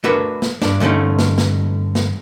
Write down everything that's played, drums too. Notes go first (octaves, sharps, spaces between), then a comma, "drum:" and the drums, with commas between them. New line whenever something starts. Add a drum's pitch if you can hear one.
A3 D4 F#4 A#4 B4
drum: snare
G2 D4, drum: snare
G2 D3 A3 C#4 D#4
drum: snare
drum: snare
drum: snare